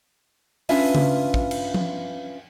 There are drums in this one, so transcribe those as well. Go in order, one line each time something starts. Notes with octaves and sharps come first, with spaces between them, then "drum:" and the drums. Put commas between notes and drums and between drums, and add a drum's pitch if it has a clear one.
C#4 D4 F4 B4 E5 G#5, drum: open hi-hat
drum: tom C#3
drum: kick
drum: cymbal
drum: tom F3